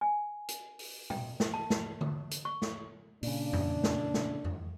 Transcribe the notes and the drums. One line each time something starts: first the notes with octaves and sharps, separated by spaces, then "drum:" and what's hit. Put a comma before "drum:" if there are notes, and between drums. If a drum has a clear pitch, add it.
G#5
drum: hi-hat
drum: open hi-hat
G5, drum: tom
drum: snare
A5
drum: snare
drum: tom D3
drum: hi-hat
C#6
drum: snare
A#2 C#3 D4, drum: open hi-hat
drum: tom F2
drum: snare
drum: snare
drum: tom F2